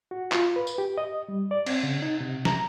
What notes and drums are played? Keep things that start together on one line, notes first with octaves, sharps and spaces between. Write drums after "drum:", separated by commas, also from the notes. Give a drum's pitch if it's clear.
F#4
F4, drum: clap
B4
drum: tambourine
G4
D#5
G3
D5
C4, drum: cymbal
C#3
D#4
C3
A#5, drum: snare